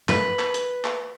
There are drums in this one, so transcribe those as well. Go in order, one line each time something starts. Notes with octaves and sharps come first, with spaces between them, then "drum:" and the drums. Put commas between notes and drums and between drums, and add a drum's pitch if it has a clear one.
B4, drum: clap
drum: clap
drum: hi-hat
drum: clap